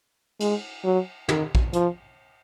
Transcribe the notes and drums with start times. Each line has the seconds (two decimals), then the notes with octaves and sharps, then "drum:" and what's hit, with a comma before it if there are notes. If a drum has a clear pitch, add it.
0.40 G#3, drum: cymbal
0.84 F#3
1.29 D#3, drum: tom
1.55 drum: kick A#1
1.73 F3, drum: hi-hat